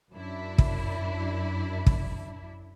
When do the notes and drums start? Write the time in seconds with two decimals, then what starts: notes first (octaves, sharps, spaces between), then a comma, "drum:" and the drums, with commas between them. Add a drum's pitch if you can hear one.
0.14 F#2 D4 E4
0.58 drum: kick
1.86 drum: kick